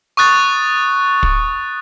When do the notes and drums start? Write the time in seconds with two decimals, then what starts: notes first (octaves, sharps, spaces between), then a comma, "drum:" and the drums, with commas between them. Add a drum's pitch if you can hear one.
0.17 C#6 D#6 F#6 A6
1.23 drum: kick